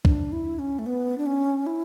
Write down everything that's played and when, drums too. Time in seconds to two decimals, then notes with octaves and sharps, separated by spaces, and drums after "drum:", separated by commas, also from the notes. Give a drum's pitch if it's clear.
0.05 D4, drum: kick C2
0.32 E4
0.59 C#4
0.79 A3
0.86 B3
1.18 D4
1.26 C#4
1.66 E4